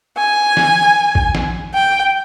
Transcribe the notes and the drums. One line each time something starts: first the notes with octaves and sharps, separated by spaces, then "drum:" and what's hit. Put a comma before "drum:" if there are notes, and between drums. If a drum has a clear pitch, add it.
G#5
drum: snare
drum: kick G#1
drum: snare
G5